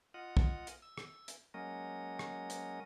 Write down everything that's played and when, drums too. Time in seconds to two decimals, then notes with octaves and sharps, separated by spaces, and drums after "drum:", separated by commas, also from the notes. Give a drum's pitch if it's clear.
0.14 F4 D#5 F#5
0.37 drum: kick
0.67 drum: hi-hat
0.82 E6
0.98 drum: rim click
1.28 drum: hi-hat
1.54 F#3 G#3 A#3 C#4 A#4 D#5
2.19 drum: rim click
2.50 drum: hi-hat